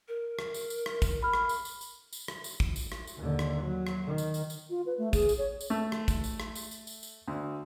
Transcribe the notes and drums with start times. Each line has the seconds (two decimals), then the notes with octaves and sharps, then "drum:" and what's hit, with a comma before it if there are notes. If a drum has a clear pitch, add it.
0.08 A#4
0.39 drum: rim click
0.54 drum: tambourine
0.70 drum: tambourine
0.86 drum: rim click
1.02 drum: kick, tambourine
1.23 B5 F6
1.33 drum: rim click
1.49 drum: tambourine
1.65 drum: tambourine
1.81 drum: tambourine
2.13 drum: tambourine
2.28 drum: rim click
2.44 drum: tambourine
2.60 drum: kick
2.76 drum: tambourine
2.92 drum: rim click
3.07 drum: tambourine
3.17 D#2 D3
3.39 drum: rim click
3.62 F#3
3.87 drum: rim click
4.06 D#3
4.18 drum: tambourine
4.34 drum: tambourine
4.50 drum: tambourine
4.70 F4
4.86 B4
4.98 A3
5.13 G#4, drum: kick, tambourine
5.29 drum: tambourine
5.38 C#5
5.61 drum: tambourine
5.70 A3
5.92 drum: rim click
6.08 drum: kick, tambourine
6.24 drum: tambourine
6.40 drum: rim click
6.55 drum: tambourine
6.71 drum: tambourine
6.87 drum: tambourine
7.03 drum: tambourine
7.28 D2